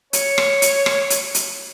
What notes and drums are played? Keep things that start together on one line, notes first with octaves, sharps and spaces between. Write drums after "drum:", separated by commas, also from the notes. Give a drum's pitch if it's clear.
C#5, drum: hi-hat
drum: rim click
drum: hi-hat
drum: rim click
drum: hi-hat
drum: hi-hat